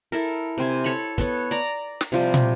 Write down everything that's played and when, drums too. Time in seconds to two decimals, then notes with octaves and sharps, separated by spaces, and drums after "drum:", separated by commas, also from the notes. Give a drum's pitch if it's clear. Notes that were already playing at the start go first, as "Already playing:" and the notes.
0.12 E4 A4 A#4
0.58 C3 C4 G#5
0.84 A4 C#5 A5 B5
1.18 B3 A4 C#5, drum: kick
1.51 D5 A#5
2.01 drum: snare
2.12 C3 F3 G3
2.34 drum: tom